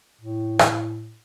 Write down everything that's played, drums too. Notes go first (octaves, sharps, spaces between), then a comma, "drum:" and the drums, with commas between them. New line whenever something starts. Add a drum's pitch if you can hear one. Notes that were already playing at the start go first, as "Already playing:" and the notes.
A2
drum: rim click